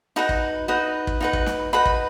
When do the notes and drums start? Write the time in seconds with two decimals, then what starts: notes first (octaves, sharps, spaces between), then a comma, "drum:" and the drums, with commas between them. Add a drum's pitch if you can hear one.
0.16 D#4 F#4 B4 B5
0.29 drum: kick
0.68 D#4 F#4 B4
1.07 drum: kick
1.21 D#4 F#4 B4
1.33 drum: kick
1.46 drum: snare
1.73 D#4 F#4 B4 B5
1.85 drum: kick